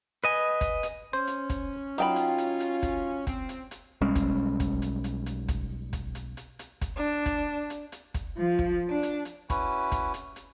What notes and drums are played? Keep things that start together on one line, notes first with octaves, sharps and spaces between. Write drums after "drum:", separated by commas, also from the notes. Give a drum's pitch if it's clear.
B4 D#5 G#5
drum: kick, hi-hat
drum: hi-hat
C#4 C5
drum: hi-hat
drum: kick, hi-hat
F#3 D#4 F4 G5 B5
drum: hi-hat
drum: hi-hat
drum: hi-hat
drum: kick, hi-hat
C4, drum: kick, hi-hat
drum: hi-hat
drum: hi-hat
B1 G3 G#3 C#4
drum: kick, hi-hat
drum: kick, hi-hat
drum: hi-hat
drum: hi-hat
drum: hi-hat
drum: kick, hi-hat
drum: kick, hi-hat
drum: hi-hat
drum: hi-hat
drum: hi-hat
drum: kick, hi-hat
D4
drum: kick, hi-hat
drum: hi-hat
drum: hi-hat
drum: kick, hi-hat
F3
drum: kick
D4
drum: hi-hat
drum: hi-hat
C#4 E4 F#4 B4, drum: kick, hi-hat
drum: kick, hi-hat
drum: hi-hat
drum: hi-hat